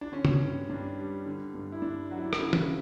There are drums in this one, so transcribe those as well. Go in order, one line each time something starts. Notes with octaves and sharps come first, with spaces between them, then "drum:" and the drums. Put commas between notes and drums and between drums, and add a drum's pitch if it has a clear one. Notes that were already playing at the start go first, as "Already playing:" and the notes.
D4
D3 C#4
drum: tom C#3
G2
G2 D4
G3
D3
G2
E4
G2 D4
F#3 F#4
E4
D4
E4, drum: rim click
C#3
drum: tom